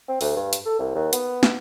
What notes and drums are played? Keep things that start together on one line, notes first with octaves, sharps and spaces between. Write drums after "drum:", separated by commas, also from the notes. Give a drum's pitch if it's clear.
C4
D2, drum: open hi-hat
G2
drum: hi-hat
A4
C2
D#2
B3, drum: hi-hat
drum: snare